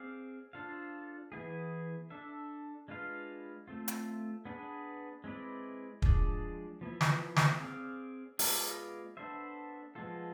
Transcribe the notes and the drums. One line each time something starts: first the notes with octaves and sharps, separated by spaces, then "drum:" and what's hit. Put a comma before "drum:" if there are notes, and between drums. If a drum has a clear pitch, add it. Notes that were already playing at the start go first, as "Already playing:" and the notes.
Already playing: C4 G#4 D5 F5
D4 F4 A4 C5 F5
E3 B3 E4 G#4
D4 A4 E5
G#3 D4 F4 B4 F5
A3 C4 F4
drum: hi-hat
B3 D4 G#4 B4
G#3 C4 E4 B4 D5
F3 G#3 D4 G#4 D5, drum: kick
F3 B3 E4
drum: snare
drum: snare
C4 G#4 D5 F5
G#3 B3 F4 G#4 D5, drum: open hi-hat
B3 D4 A4 C5 E5
F3 G#3 B3 F4 A4